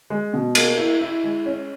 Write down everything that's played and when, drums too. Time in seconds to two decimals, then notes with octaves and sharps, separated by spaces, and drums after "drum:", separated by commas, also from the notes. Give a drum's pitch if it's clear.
0.10 G#3
0.33 B2
0.55 A#3, drum: cymbal
0.78 E4
1.01 E4
1.24 G#3
1.46 C#4